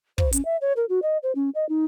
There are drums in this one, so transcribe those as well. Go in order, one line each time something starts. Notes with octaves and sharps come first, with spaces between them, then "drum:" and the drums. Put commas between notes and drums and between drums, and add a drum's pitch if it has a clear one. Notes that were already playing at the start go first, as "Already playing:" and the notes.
C5, drum: kick
C#4, drum: hi-hat
E5
C#5
A#4
F#4
D#5
C5
C#4
D#5
D#4